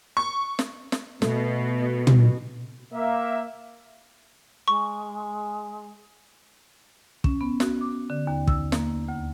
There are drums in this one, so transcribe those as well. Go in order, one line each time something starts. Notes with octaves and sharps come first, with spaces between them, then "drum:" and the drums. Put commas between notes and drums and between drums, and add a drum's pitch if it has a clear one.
C#6
drum: snare
drum: snare
B2 A3, drum: snare
drum: tom
A#3 E5
G#3 C#6
C#4, drum: kick
B3
F#4, drum: snare
D6
D3
D#2
E6, drum: kick
A#3, drum: snare
D2